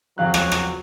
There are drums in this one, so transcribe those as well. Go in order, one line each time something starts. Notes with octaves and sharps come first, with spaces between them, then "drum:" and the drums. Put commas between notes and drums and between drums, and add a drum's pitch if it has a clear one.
F2 F#3 F5 F#6
drum: rim click
drum: rim click